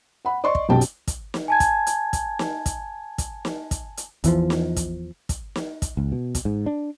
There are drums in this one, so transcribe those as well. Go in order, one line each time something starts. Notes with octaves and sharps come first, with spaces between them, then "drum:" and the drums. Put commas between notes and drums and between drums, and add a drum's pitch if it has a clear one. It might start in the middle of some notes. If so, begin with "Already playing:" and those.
F#5 B5
D5 D#5 C6 C#6
drum: kick
B1 F#2 B2 G4 G5 A5
drum: hi-hat
drum: kick, hi-hat
drum: snare
G#5 A5 G#6
drum: kick, hi-hat
drum: hi-hat
drum: kick, hi-hat
drum: snare
drum: kick, hi-hat
drum: kick, hi-hat
drum: snare
drum: kick, hi-hat
drum: hi-hat
E2 E3 F3, drum: kick, hi-hat
drum: snare
drum: kick, hi-hat
drum: kick, hi-hat
drum: snare
drum: kick, hi-hat
C#2
B2
drum: kick, hi-hat
G#2
D4